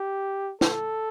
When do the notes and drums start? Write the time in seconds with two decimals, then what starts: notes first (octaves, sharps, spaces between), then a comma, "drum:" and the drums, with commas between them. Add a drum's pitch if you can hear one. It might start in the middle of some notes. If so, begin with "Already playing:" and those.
Already playing: G4
0.61 A4, drum: snare